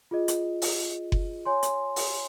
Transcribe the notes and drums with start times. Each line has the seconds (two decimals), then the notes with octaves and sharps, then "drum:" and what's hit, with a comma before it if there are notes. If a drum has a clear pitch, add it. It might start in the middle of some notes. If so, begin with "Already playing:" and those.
0.11 F4 G#4 D#5
0.28 drum: hi-hat
0.62 drum: open hi-hat
1.12 drum: kick F#1
1.45 C#5 G#5 C6
1.63 drum: hi-hat
1.96 drum: open hi-hat